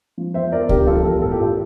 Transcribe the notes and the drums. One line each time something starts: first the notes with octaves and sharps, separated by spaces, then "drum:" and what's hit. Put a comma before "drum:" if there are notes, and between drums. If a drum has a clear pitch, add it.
F3
E2 C5 E5
E2 A#4 D5
D3 G4 A#4, drum: kick C#2
F3 F4 A4
E2 G4 A#4
A2 A4
G4
A2 F4